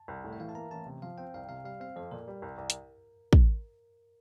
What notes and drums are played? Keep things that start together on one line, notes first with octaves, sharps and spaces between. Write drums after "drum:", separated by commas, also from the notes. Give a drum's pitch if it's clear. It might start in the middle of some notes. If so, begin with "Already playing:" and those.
Already playing: A5
C2
A2
E5
E3 F5
A5
A#3 A#5
A1 A5
C3
F3 F5
C4 G5
C2 F5
C3 F5
G3 F5
C4 F5
F2 C5
A#2 A#4
G3
C2
C2
drum: hi-hat
drum: kick